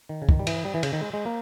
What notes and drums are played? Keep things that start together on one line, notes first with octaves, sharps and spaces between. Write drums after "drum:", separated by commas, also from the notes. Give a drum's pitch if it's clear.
D#3
C#3
D#3, drum: kick
G3
E3, drum: cymbal
G3
E3
C#3, drum: cymbal
D#3
G#3
G#3
A#3